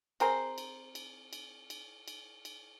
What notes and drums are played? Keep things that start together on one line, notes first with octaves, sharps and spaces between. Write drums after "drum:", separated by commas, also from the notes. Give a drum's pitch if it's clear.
C4 G#4 A#4 C5, drum: cymbal
drum: cymbal
drum: cymbal
drum: cymbal
drum: cymbal
drum: cymbal
drum: cymbal